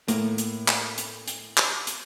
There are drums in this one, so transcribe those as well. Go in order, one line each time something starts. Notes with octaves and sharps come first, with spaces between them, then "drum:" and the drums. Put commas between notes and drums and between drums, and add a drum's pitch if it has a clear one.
A2 A#3, drum: hi-hat
drum: hi-hat
drum: clap
drum: hi-hat
drum: hi-hat
drum: clap
drum: hi-hat